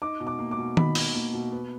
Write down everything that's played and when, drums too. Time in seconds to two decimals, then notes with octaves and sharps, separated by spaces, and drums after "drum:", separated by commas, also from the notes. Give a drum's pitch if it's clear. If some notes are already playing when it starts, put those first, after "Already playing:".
0.02 D#4 D6
0.20 B2
0.27 D6
0.39 A#3
0.51 D6
0.58 B2
0.77 D#4 B5, drum: tom D#3
0.95 B2, drum: open hi-hat
1.15 A#3
1.33 B2
1.52 B3